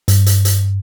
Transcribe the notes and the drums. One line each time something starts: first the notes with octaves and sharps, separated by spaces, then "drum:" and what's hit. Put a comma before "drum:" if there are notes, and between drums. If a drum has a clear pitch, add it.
G2, drum: hi-hat
drum: hi-hat
drum: hi-hat